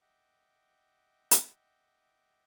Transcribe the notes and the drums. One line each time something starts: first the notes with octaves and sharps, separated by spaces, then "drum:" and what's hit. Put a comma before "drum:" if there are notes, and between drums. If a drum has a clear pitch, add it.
D#5 E5 F#5 G5 D6
drum: hi-hat